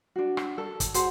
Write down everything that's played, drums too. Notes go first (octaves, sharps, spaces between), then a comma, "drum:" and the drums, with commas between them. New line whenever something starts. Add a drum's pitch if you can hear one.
D4 F#4
drum: rim click
A4
drum: kick, hi-hat
F#4 G#4 C5 F#5, drum: hi-hat